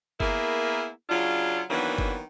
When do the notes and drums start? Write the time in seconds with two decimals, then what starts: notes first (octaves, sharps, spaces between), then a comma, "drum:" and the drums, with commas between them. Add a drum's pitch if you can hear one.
0.20 A#3 B3 E4 G#4 A#4, drum: kick G1
1.09 C#3 F#3 D4 F4
1.70 D#3 E3 F#3 A#3 B3 D4
1.98 drum: kick G1